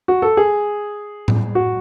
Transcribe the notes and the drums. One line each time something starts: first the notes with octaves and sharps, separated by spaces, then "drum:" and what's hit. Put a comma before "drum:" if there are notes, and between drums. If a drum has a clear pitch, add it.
F#4
A4
G#4
drum: tom A2
F#4